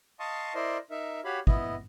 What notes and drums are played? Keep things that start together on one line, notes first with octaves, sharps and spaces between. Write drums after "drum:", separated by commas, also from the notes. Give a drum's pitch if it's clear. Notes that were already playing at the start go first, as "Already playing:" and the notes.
D#5 F5 A5 C6 C#6 D#6
E4 A#4 C5 D5 D#5 C6
D#4 A#4 E5
F#4 G4 C#5 F5 B5
B3 E4 D#5, drum: kick